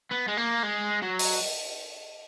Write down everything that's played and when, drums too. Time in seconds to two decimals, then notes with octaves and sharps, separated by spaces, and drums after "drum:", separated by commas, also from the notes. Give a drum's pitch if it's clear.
0.11 B3
0.28 G#3
0.37 A#3
0.63 G#3
1.02 F#3
1.19 drum: open hi-hat